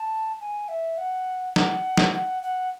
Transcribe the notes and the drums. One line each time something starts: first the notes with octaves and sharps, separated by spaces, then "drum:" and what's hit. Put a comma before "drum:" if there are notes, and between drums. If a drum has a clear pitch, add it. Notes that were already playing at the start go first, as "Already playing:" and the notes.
Already playing: A5
G#5
E5
F#5
F#5, drum: snare
drum: snare
F#5
F#5